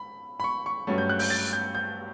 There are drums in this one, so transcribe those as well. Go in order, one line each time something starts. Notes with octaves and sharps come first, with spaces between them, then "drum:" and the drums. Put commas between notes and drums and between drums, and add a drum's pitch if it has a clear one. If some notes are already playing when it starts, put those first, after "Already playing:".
Already playing: B5
B5
C#6
C#6
G2 F#3 A3 C#4
G6
F#6
G6, drum: open hi-hat
A6
G6
G6